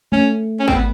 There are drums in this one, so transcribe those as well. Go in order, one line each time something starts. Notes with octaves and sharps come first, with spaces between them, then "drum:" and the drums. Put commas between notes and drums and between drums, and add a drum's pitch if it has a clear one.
A3 C#4
C#4
C4, drum: kick G#1
B3